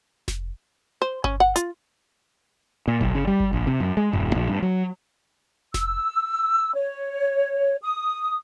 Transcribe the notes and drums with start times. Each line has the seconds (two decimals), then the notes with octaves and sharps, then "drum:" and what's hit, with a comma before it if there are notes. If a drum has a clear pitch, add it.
0.28 drum: snare F1
1.02 C5
1.24 C#4, drum: kick G1
1.40 F#5
1.56 F4, drum: hi-hat
2.88 A#2
3.01 B1, drum: kick G1
3.15 C#3
3.27 G3
3.40 drum: kick G1
3.53 A#1
3.67 C3
3.80 F#2
3.97 G#3
4.13 D#1, drum: tom F#2
4.35 A#1
4.48 G2
4.62 F#3
5.74 E6, drum: snare F1
6.75 C#5
7.82 D#6